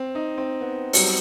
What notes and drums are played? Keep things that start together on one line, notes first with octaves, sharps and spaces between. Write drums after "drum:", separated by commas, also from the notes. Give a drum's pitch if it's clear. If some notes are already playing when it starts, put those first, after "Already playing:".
Already playing: C4
D#4
C4
B3
F#3, drum: open hi-hat
G3